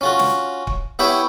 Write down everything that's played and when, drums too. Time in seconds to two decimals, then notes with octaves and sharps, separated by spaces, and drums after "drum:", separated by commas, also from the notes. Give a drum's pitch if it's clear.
0.01 C#4 F4 F#4
0.19 drum: snare
0.67 drum: kick
0.99 B3 E4 G4 C#5 E5 G5